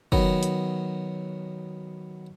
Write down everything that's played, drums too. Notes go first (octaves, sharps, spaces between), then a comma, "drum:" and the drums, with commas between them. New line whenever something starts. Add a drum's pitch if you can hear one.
D#3 F#3 B3, drum: kick
drum: hi-hat